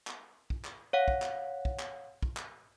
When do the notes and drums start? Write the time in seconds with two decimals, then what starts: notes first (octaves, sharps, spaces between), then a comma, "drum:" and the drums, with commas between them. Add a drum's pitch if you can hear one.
0.07 drum: clap
0.50 drum: kick
0.65 drum: clap
0.93 C#5 F5 F#5
1.08 drum: kick
1.22 drum: clap
1.65 drum: kick
1.79 drum: clap
2.23 drum: kick
2.37 drum: clap